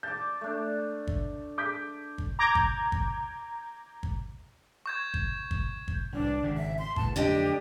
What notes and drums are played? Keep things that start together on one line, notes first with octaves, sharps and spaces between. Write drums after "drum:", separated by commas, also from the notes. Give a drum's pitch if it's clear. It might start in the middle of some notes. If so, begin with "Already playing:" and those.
A5 D6 G6
A3 D4
drum: kick G1
D6 G6 B6
drum: kick G1
A#5 D6 G6 G#6
drum: kick G1
drum: kick G1
drum: kick G1
C#6 G6 G#6
drum: kick G1
drum: kick G1
drum: kick G1
C2 A2 E3 D4
G#1 C#3
E5
C6
A2 C#3 E3 A5, drum: kick G1
F2 D3 F#3 A3 D4 G4 D#5